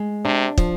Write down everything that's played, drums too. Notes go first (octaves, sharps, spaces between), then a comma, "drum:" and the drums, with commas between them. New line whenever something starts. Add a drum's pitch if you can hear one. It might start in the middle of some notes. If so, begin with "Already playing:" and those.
Already playing: G#3
C3 D4
F3, drum: kick